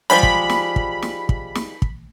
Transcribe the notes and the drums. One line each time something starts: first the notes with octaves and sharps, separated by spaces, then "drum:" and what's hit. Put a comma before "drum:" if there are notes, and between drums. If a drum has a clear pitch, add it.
F3 G3 G#3 B5
drum: kick
drum: snare
drum: kick
drum: snare
drum: kick
drum: snare
drum: kick